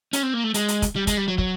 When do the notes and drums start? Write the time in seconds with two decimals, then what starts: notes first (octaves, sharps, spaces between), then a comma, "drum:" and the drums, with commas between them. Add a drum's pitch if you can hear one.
0.13 C#4, drum: hi-hat
0.23 C4
0.34 A#3
0.44 A3
0.54 G#3, drum: hi-hat
0.68 drum: hi-hat
0.82 drum: kick, hi-hat
0.96 G3
1.07 G#3, drum: kick, hi-hat
1.17 G3
1.28 F#3
1.38 F#3, drum: kick